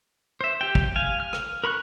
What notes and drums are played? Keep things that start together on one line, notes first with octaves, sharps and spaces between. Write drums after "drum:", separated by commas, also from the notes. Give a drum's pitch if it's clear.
C5 E5
G4 G5
drum: kick
F5 G#5
F6
drum: rim click
A#4 B5 C#6 F#6